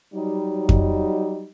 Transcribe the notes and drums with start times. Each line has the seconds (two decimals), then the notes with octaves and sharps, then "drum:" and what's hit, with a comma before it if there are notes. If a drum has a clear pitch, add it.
0.13 F#3 G3 D#4
0.69 drum: kick F2